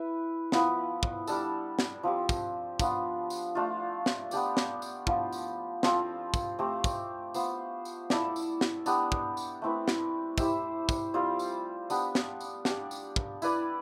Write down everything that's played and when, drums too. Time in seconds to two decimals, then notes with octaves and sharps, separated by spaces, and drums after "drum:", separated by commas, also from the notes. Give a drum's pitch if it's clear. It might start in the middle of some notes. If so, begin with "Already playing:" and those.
Already playing: E4 B4 E5
0.52 F3 B3 E4 B4, drum: snare
1.03 drum: kick
1.27 G3 D4 A4, drum: tambourine
1.79 drum: snare
2.03 F3 C4 G4
2.29 drum: kick, tambourine
2.80 F3 B3 D4 F4, drum: kick, tambourine
3.30 drum: tambourine
3.55 A3 D4 F4
4.06 drum: snare
4.31 B3 D4 G4 D5, drum: tambourine
4.57 drum: snare
4.82 drum: tambourine
5.07 F3 B3 D4 F4, drum: kick
5.33 drum: tambourine
5.83 F3 C4 F4 A4, drum: snare
6.34 drum: kick, tambourine
6.59 A3 C4 G4
6.84 drum: kick, tambourine
7.34 B3 F4 C5, drum: tambourine
7.85 drum: tambourine
8.10 E4 A4 D5, drum: snare
8.36 drum: tambourine
8.61 drum: snare
8.86 B3 D4 G4, drum: tambourine
9.12 drum: kick
9.37 drum: tambourine
9.62 A3 C4 E4 B4
9.88 drum: snare
10.38 E4 G4 C5 E5, drum: kick, tambourine
10.89 drum: kick, tambourine
11.14 G3 C4 F4 C5
11.39 drum: tambourine
11.90 B3 D4 G4, drum: tambourine
12.15 drum: snare
12.40 drum: tambourine
12.65 D4 G4 D5, drum: snare
12.91 drum: tambourine
13.16 drum: kick
13.42 E4 B4 D5, drum: tambourine